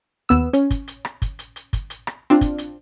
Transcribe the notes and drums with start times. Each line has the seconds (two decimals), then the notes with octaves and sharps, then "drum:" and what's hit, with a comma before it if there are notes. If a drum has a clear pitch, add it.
0.29 D#2 B3 E6
0.53 C#4, drum: hi-hat
0.70 drum: kick, hi-hat
0.88 drum: hi-hat
1.05 drum: rim click
1.22 drum: kick, hi-hat
1.39 drum: hi-hat
1.56 drum: hi-hat
1.73 drum: kick, hi-hat
1.90 drum: hi-hat
2.07 drum: rim click
2.30 C4 D4 F4
2.41 drum: kick, hi-hat
2.58 drum: hi-hat